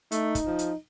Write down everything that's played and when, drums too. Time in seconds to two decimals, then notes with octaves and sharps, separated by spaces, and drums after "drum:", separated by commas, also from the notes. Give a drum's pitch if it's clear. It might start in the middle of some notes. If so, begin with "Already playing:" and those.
0.12 A3 D#4, drum: hi-hat
0.35 drum: kick, hi-hat
0.47 F3
0.59 drum: hi-hat